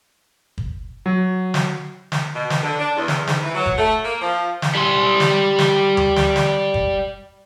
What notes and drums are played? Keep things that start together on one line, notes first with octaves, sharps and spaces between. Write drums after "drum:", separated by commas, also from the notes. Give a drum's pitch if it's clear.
drum: kick
F#3
drum: snare
drum: snare
B2
drum: snare
D3
D4
E2
drum: snare
G#2, drum: snare
E3
F#3
drum: kick
A3
A#3
F3
drum: snare
G3 C6
drum: snare
drum: snare
drum: tom D2
drum: snare
drum: snare
drum: kick